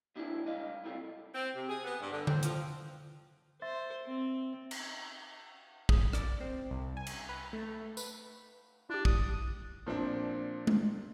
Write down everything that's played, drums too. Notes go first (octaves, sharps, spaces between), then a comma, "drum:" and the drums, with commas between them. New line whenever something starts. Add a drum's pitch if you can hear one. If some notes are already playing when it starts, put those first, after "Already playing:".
A#2 F3 D4 E4
C#2 G2 D#5 F5
A2 C3 A3 F4
C4
C3
G#4
B3
G2
D3
C4, drum: tom D3
F3, drum: hi-hat
C5 E5 C6 A6
C4
drum: cymbal
G#4, drum: kick
D5, drum: rim click
C4
C2
G#5
drum: cymbal
B4
A3
B4, drum: tambourine
D4 E4 G4
D#6, drum: kick
A#2 F3 C4 D4
drum: tom G#3